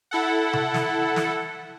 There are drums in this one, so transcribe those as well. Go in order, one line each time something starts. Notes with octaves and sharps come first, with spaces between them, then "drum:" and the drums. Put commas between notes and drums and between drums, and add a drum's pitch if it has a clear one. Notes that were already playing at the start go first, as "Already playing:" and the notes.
E4 A4 F#5
drum: tom C3
drum: snare
drum: snare